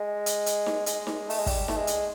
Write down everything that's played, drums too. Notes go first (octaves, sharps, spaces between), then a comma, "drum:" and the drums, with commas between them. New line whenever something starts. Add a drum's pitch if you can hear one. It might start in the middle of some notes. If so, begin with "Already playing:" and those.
Already playing: G#3
drum: hi-hat
drum: hi-hat
drum: snare D#4
G#3, drum: hi-hat
drum: snare D#4
A3, drum: open hi-hat
G#3
G3, drum: kick, open hi-hat
A3, drum: snare D#4
G#3
drum: hi-hat